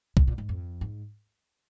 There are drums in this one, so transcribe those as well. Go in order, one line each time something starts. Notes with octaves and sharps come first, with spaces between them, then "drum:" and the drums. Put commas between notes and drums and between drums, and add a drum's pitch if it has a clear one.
C3, drum: kick
A#2
G#2
F2
G#2